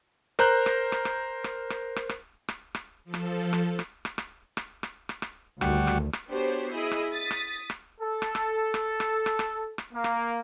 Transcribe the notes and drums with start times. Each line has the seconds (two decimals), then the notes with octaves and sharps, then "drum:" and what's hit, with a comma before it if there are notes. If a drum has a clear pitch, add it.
0.39 A#4 C5 A#5 F#6 G6, drum: rim click
0.66 drum: rim click
0.92 drum: rim click
1.05 drum: rim click
1.44 drum: rim click
1.70 drum: rim click
1.96 drum: rim click
2.09 drum: rim click
2.48 drum: rim click
2.75 drum: rim click
3.04 F3 A4
3.14 drum: rim click
3.53 drum: rim click
3.79 drum: rim click
4.05 drum: rim click
4.18 drum: rim click
4.57 drum: rim click
4.83 drum: rim click
5.09 drum: rim click
5.22 drum: rim click
5.61 D2 D#3 G3 F#4, drum: rim click
5.87 drum: rim click
6.13 drum: rim click
6.30 B3 D4 F#4 G4 C5 C#5
6.71 E4 G#4 D#5
6.91 drum: rim click
7.13 D#6 A6 B6
7.31 drum: rim click
7.70 drum: rim click
8.00 A4
8.22 drum: rim click
8.35 drum: rim click
8.74 drum: rim click
9.00 drum: rim click
9.26 drum: rim click
9.39 drum: rim click
9.78 drum: rim click
9.93 A#3
10.04 drum: rim click